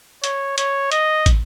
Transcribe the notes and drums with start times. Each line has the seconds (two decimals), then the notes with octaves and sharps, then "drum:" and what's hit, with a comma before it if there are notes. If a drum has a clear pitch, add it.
0.24 C#5, drum: hi-hat
0.58 C#5, drum: hi-hat
0.92 D#5, drum: hi-hat
1.26 drum: kick, hi-hat